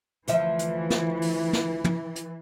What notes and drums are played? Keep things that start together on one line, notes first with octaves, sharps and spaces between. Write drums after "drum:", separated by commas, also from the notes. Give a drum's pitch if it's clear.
D2 E3 F3 E5, drum: hi-hat
drum: hi-hat
drum: snare
drum: open hi-hat
drum: snare
drum: tom
drum: hi-hat